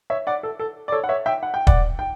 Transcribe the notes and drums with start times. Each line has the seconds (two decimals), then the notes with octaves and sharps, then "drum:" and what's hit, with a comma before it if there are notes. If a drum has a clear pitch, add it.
0.10 C#5 E5
0.27 D5 F#5
0.43 A4
0.59 A4
0.88 D5
0.92 A4 C#5
1.04 F#5
1.09 C#5 E5
1.26 E5 G5
1.43 F#5
1.54 G5
1.67 D5 F#5, drum: kick
1.99 G5